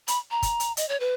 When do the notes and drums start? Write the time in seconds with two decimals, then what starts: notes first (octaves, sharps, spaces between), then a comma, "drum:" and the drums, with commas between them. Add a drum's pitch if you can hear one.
0.08 B5, drum: hi-hat
0.31 A#5
0.43 drum: kick, hi-hat
0.60 drum: hi-hat
0.77 D#5, drum: hi-hat
0.89 C#5
1.00 B4